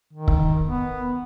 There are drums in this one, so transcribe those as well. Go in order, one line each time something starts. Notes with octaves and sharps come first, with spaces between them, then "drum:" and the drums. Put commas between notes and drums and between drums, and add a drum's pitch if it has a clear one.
D#3
drum: kick C#1
B3